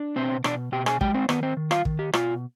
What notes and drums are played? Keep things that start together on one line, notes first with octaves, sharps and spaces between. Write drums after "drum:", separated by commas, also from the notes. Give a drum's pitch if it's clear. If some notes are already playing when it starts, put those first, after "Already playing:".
Already playing: D4
B2 C4 C5
B2 D4 D5, drum: rim click
B2 G4 G5
G#4 G#5, drum: rim click
G#3 G4 G5, drum: kick
C4 C5
D#3 B3 B4, drum: rim click
C4 C5
D#3
F4 F5, drum: rim click
D#3, drum: kick
G4
B2 F4, drum: rim click